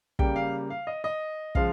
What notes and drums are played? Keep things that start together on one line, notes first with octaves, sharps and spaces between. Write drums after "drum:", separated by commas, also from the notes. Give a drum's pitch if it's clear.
C#3 G3 A#3 G5, drum: kick
F5
F5
D#5
D#5
C#3 F3 G#3 F5, drum: kick